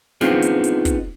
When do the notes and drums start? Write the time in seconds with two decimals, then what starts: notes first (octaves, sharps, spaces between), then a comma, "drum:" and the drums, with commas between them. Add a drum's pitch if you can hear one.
0.21 B3 C4 D4 D#4 F4 G#4, drum: snare
0.42 drum: hi-hat
0.64 drum: hi-hat
0.85 drum: kick, hi-hat